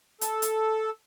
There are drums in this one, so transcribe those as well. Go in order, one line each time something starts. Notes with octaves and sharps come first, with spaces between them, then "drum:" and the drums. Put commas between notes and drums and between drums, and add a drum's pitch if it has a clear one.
A4, drum: hi-hat
drum: hi-hat